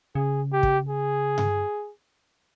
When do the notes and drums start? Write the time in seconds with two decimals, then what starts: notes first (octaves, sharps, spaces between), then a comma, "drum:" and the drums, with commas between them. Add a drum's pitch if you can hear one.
0.15 C#3 G#4
0.53 G4
0.63 drum: kick
0.89 G#4
1.38 drum: tom G2